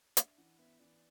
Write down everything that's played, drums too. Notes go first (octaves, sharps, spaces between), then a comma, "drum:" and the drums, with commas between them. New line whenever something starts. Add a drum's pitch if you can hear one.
D4 E5, drum: hi-hat
E3 F#5
B3 E5
E3 D5